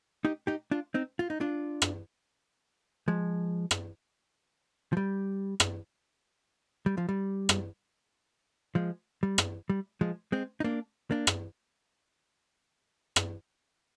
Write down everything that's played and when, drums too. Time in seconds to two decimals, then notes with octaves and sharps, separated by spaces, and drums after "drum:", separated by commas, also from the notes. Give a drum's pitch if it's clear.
0.25 D#4 G4
0.47 D#4 G4
0.71 D4 F4
0.94 C4 D#4
1.19 F4
1.30 D#4
1.40 D4 F4
1.82 drum: rim click
3.08 F3 G#3
3.71 drum: rim click
4.93 F3
4.97 G3
5.60 drum: rim click
6.86 G3
6.98 F3
7.09 G3
7.49 drum: rim click
8.75 F3 G#3
9.23 G3
9.38 drum: rim click
9.70 G3
10.01 F3 G#3
10.32 G#3 C4
10.60 D#4
10.64 A#3 D4
11.11 A#3 D4
11.27 drum: rim click
13.16 drum: rim click